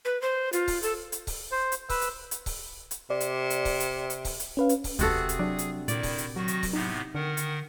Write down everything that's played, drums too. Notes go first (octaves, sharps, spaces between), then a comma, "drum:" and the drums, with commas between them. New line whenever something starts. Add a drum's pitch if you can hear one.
B4
C5
F4, drum: hi-hat
drum: kick C#1, open hi-hat
A4, drum: hi-hat
drum: hi-hat
drum: kick C#1, open hi-hat
C5
drum: hi-hat
B4 E6, drum: kick C#1, open hi-hat
drum: hi-hat
drum: hi-hat
drum: kick C#1, open hi-hat
drum: hi-hat
C3 D5
drum: hi-hat
drum: hi-hat
drum: kick C#1, open hi-hat
drum: hi-hat
drum: hi-hat
drum: kick C#1, open hi-hat
drum: hi-hat
C#4 B4 F5
drum: hi-hat
drum: kick C#1, open hi-hat
E1 D2 C3 F#4 G#4 A4, drum: hi-hat
drum: hi-hat
F#3 D4
drum: hi-hat
A#2 D#3 E4 D5, drum: hi-hat
drum: kick C#1, open hi-hat
drum: hi-hat
D#3 F#3 F#4 A#6
drum: hi-hat
drum: kick C#1, open hi-hat
A2 C3 B3 D#4
D3 D#3 A#4 F#5
drum: hi-hat